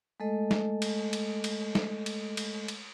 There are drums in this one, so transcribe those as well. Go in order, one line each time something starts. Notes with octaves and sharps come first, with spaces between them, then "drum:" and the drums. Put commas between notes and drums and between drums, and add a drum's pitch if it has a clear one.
G#3 A3 A4 D#5
drum: snare
drum: cymbal
drum: cymbal
drum: cymbal
drum: snare
drum: cymbal
drum: cymbal
drum: cymbal